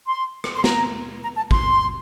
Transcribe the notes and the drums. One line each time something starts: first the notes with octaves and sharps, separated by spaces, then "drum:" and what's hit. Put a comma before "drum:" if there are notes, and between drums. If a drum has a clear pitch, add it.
C6
drum: rim click
C6
A#5, drum: snare
A#5
A5
C6, drum: kick